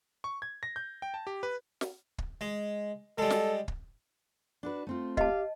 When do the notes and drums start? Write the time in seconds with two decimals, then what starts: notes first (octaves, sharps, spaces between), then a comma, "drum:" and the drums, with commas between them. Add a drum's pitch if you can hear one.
0.24 C#6
0.42 G#6
0.63 A#6
0.76 G6
1.02 G5
1.14 A5
1.27 G4
1.43 B4
1.81 drum: snare
2.18 drum: kick
2.41 G#3
3.18 G3 G#3 A4
3.30 drum: snare
3.68 drum: kick
4.63 D4 F#4 B4
4.87 A3 C4 F4
5.17 G4 D#5 F5 A5, drum: kick